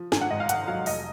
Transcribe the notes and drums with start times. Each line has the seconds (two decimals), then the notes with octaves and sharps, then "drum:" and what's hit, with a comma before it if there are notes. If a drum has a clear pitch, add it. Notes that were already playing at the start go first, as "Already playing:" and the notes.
Already playing: F3
0.12 G#1 G#5, drum: snare
0.21 F#5
0.30 G#2 D#5
0.40 F5
0.49 G#1 F#5, drum: hi-hat
0.68 F#3 F5
0.86 F1 D#5, drum: open hi-hat